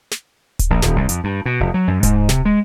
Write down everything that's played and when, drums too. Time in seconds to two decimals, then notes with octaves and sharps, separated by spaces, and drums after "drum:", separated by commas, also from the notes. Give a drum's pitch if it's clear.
0.11 drum: snare
0.59 drum: kick D1, hi-hat
0.70 A#1
0.82 D#1, drum: snare
0.96 C2
1.09 F2, drum: hi-hat
1.24 G2
1.46 B2
1.60 F1
1.74 F#3
1.88 F#2
2.03 G#2, drum: kick D1, hi-hat
2.29 C3, drum: snare
2.45 G#3